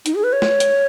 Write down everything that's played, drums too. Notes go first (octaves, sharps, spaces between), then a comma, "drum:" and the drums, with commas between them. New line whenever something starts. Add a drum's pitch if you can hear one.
D#4, drum: hi-hat
G#4
B4
C#5
drum: snare
drum: hi-hat